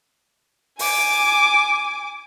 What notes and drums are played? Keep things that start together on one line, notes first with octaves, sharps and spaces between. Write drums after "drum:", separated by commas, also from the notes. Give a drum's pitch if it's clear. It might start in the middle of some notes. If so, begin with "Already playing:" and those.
G#5 D6, drum: open hi-hat